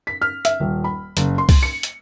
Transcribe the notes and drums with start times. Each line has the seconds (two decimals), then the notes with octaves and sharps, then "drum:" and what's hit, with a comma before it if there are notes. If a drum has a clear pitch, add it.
0.07 B6
0.22 F6
0.45 E5, drum: hi-hat
0.60 D#1
0.84 B5
1.17 F#1, drum: hi-hat
1.38 C6
1.49 drum: kick, open hi-hat
1.63 C#7
1.83 drum: hi-hat